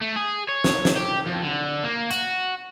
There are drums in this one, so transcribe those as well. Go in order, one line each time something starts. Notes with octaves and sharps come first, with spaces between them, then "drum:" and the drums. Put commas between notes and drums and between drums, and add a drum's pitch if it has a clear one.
A3
G#4
C#5
drum: snare
drum: snare
G4
F2
D3
A#3
F#4, drum: hi-hat